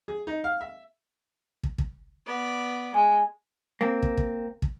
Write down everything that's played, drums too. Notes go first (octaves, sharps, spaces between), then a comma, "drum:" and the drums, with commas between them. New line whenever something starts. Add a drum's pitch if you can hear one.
G#4
D#4
F5
E5
drum: kick
drum: kick
B3 D5
G#3 G#5
A#3 C4
drum: kick
drum: kick
drum: kick